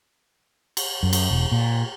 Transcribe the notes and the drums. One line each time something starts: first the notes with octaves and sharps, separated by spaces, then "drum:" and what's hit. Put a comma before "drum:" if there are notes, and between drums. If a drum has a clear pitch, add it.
drum: cymbal
F#2
drum: cymbal
E1
A#2